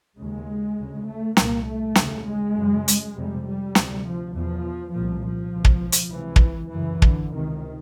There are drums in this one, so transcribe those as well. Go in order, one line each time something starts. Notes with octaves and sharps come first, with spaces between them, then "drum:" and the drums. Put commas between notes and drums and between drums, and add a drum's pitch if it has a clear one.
D#2 C#3 G#3
D2 C#3
A3
C2 A#2 A#3, drum: snare
A3
D#2 C#3, drum: snare
G#3
F#2 C#3
drum: hi-hat
F2 C3 G3
G3
D2 C3, drum: snare
F3
E2 B2 F3
C2 A#2 F3
F3
C#2 B2
drum: kick
drum: hi-hat
C#2 C3 E3
drum: kick
F#2 C#3 E3
D3, drum: kick
C#2 C3 D#3